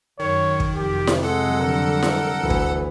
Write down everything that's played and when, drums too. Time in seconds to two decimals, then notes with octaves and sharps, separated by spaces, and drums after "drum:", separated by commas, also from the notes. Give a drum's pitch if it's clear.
0.20 F#2 D#3 C#5
0.60 drum: kick
0.76 F2 C3 F#3 G4
1.07 drum: snare E4
1.23 G#3 A4 F#5
1.60 D3 G3 A#4
2.03 drum: snare E4
2.41 D2 E3
2.50 drum: kick